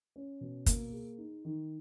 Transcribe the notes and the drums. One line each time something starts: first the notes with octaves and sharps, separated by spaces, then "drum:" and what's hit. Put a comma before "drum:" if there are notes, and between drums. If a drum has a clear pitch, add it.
C#4
B2
A#3, drum: kick, hi-hat
G#4
D#4
D#3